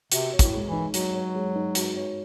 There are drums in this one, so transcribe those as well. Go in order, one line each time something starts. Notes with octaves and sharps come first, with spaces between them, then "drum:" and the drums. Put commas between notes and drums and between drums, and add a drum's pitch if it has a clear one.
C3 F#4, drum: hi-hat
C#5
A2, drum: kick, hi-hat
G#3
E3
D#4
F#3 F#4, drum: hi-hat
C#5
G#3
D#4
F#4, drum: hi-hat
C#5